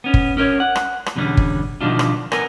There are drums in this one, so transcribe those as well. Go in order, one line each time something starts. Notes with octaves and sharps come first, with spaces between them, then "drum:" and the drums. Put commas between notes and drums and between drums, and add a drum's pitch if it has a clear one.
B3 C#4
drum: kick G1
C#4 A#4 C5 C#5
F#5
drum: rim click
drum: rim click
E2 B2 D3 G3 C#4
drum: kick G1
B2 D#3 F3 G3 D4 F4
drum: rim click
B3 A4 A#4 G#5, drum: rim click